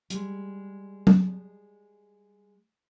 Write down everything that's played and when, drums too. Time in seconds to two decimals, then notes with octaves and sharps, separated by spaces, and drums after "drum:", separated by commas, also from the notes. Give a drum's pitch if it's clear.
0.10 G3 G#3, drum: hi-hat
1.07 drum: tom